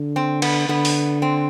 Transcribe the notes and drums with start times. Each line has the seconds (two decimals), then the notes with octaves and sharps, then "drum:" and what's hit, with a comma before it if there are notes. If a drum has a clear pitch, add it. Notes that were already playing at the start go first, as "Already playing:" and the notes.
Already playing: D3
0.16 C4
0.42 B3, drum: cymbal
0.69 D3 B3
0.85 drum: open hi-hat
1.22 C4